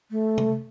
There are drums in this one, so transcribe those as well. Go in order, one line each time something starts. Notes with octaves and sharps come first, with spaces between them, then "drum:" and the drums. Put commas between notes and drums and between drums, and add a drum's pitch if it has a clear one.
A3
drum: tom C3